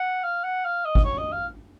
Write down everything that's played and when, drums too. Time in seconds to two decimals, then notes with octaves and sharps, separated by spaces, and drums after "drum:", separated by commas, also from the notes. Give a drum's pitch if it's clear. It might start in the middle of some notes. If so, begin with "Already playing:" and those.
Already playing: F#5
0.23 F5
0.44 F#5
0.65 F5
0.85 D#5
0.95 drum: kick
1.04 C#5
1.18 D#5
1.32 F5